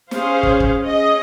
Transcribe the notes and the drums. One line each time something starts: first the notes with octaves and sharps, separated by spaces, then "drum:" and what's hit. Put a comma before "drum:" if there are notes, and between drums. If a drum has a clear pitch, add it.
C#4 G#4 C5 F5, drum: snare
drum: kick
drum: kick
C#4 G#4 D#5